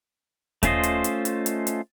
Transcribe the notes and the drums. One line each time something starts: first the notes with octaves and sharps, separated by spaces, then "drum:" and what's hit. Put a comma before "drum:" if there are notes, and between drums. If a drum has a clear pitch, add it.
A3 C#4 F4 C5 D#5, drum: kick D#2, hi-hat
drum: hi-hat
drum: hi-hat
drum: hi-hat
drum: hi-hat
drum: hi-hat